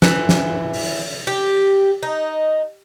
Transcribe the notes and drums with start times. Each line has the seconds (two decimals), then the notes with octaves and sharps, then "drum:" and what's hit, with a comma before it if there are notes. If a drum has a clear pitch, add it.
0.02 E3, drum: snare
0.29 drum: snare
0.73 drum: open hi-hat
1.27 G4
2.03 D#4